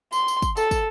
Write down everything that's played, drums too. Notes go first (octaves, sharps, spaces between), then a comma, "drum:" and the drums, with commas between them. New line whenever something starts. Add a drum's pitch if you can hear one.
C6, drum: tambourine
drum: tambourine
drum: kick, tambourine
A4, drum: tambourine
drum: kick, tambourine